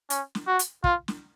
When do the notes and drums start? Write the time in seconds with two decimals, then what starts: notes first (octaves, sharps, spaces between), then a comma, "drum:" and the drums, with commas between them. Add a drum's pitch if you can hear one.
0.10 C#4, drum: hi-hat
0.35 drum: snare
0.47 F#4
0.59 drum: hi-hat
0.84 F4, drum: kick
1.08 drum: snare